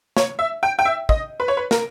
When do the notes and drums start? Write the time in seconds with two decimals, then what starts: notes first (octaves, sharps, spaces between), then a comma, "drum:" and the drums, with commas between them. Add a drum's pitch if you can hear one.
0.17 C#5, drum: snare
0.39 E5
0.63 G5
0.79 G5
0.85 E5
1.09 D#5, drum: kick
1.40 B4
1.48 C#5
1.57 B4
1.71 A#4, drum: snare